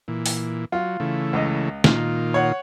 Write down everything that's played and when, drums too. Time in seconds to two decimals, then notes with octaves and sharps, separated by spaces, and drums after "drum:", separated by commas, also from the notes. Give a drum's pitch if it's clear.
0.08 A#2 E3
0.26 drum: open hi-hat
0.72 F#3 F4
1.00 C#3 E3 A3
1.33 C#2 D#5
1.84 A#2 D#3 F4, drum: snare
2.34 C#5 F#5